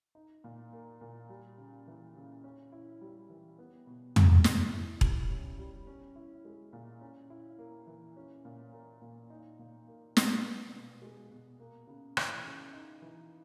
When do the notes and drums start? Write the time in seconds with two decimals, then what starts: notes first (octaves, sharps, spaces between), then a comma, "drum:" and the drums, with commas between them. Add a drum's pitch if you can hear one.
0.15 D#4
0.44 A#2
0.73 A#3
1.01 A#2
1.29 G3
1.58 C#3
1.87 E3
2.15 C#3
2.44 C#4
2.72 E4
3.01 G3
3.30 E3
3.59 B3
3.87 B2
4.16 G#3, drum: tom
4.44 B2, drum: snare
4.73 E4
5.01 G3, drum: kick E1
5.30 C#4
5.59 G3
5.87 C#4
6.16 E4
6.45 G#3
6.73 A#2
7.01 C#4
7.30 E4
7.59 A#3
7.87 E3
8.17 C#4
8.45 A#2
8.73 A#3
9.02 A#2
9.30 D#4
9.59 A#2
9.87 A#3
10.17 A#2, drum: snare
10.45 B3
10.73 B2
11.02 G#3
11.31 B2
11.60 A#3
11.87 C#3
12.17 E3, drum: rim click
12.45 C#3
12.73 D#4
13.02 E3